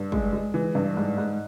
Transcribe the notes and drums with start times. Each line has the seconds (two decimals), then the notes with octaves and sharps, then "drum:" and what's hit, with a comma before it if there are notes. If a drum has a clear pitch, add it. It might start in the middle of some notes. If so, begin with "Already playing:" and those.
Already playing: G2
0.12 G#3, drum: kick
0.33 G#3
0.54 E3
0.75 G2
0.97 G#2
1.18 G#2